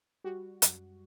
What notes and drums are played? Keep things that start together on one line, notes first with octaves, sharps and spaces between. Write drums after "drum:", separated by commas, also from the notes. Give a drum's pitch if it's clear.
G3 F#4
F#2, drum: hi-hat